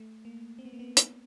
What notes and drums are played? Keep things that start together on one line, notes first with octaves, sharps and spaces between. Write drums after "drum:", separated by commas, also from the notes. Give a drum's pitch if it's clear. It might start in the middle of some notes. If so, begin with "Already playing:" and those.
Already playing: A3
A#3
C4
B3
A#3
B3
drum: hi-hat